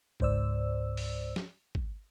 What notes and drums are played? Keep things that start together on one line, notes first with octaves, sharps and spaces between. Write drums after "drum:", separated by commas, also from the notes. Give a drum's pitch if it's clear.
C#2 G#2 C5 D5 E6, drum: kick G#1
drum: open hi-hat
drum: snare
drum: kick G#1